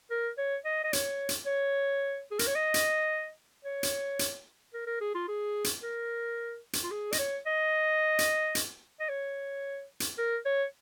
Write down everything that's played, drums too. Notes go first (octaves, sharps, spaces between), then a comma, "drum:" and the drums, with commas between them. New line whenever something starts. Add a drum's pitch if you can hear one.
A#4
C#5
D#5
D#5
C#5, drum: hi-hat
drum: hi-hat
C#5
G#4
A#4, drum: hi-hat
C#5
D#5
drum: hi-hat
C#5
drum: hi-hat
drum: hi-hat
A#4
A#4
G#4
F4
G#4
drum: hi-hat
A#4
drum: hi-hat
F4
G#4
D#5, drum: hi-hat
C#5
D#5
drum: hi-hat
drum: hi-hat
D#5
C#5
drum: hi-hat
A#4
C#5